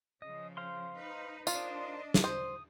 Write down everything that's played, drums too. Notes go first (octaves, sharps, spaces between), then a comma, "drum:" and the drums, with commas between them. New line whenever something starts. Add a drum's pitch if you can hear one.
C#3 F3 D#5
C5 F5 C6
D#4 B4
D4 D#4 F4 A#4 C5 D#5, drum: tambourine
drum: snare
C5 D#6